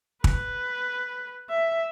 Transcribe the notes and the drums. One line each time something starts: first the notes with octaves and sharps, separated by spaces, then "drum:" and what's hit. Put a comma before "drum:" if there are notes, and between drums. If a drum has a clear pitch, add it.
B4, drum: kick
E5